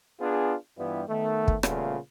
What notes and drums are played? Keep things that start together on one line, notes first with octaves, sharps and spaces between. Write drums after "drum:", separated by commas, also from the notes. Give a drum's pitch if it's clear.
B3 D4 F4 G#4
G2 E3 G3 B3 E4 F4
D#3 A3 B3
drum: kick
A#2 C#3 G3 A3 B3 F4, drum: rim click